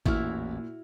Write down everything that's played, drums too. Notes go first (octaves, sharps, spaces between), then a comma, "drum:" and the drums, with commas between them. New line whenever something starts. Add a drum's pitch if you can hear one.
A1 E2 A#2 E4 F#4 F6, drum: kick G#1